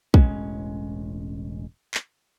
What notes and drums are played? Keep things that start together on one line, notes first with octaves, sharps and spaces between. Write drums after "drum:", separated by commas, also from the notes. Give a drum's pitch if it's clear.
E1 A1 G#3 C#4, drum: kick
drum: clap